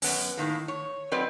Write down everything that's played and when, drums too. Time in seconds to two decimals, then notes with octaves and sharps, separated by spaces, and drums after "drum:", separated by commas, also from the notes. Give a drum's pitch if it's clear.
0.02 F#2 B3 C#4, drum: open hi-hat
0.38 A2 D#3 A#3
0.68 C#5
1.12 F#3 C4 B4 D5 D#5